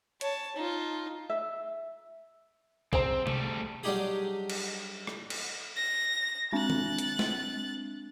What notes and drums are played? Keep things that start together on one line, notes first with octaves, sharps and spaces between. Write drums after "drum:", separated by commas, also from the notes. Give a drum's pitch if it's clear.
C#5 A5, drum: hi-hat
D#4 F4
E5
C4 G#4 C5 A#5, drum: kick
G3 A3, drum: tom
F#3 G3 D4 D#4 G4 G#4
drum: cymbal
drum: rim click
drum: cymbal
A#6
G#3 C4 D4 F#6 A6
drum: tom
drum: hi-hat
drum: snare